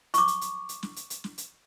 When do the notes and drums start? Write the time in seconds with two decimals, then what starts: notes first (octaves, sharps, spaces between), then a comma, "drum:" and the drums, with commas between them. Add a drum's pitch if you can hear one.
0.14 C#6 D6, drum: hi-hat
0.28 drum: hi-hat
0.41 drum: hi-hat
0.69 drum: hi-hat
0.83 drum: snare
0.96 drum: hi-hat
1.10 drum: hi-hat
1.24 drum: snare
1.38 drum: hi-hat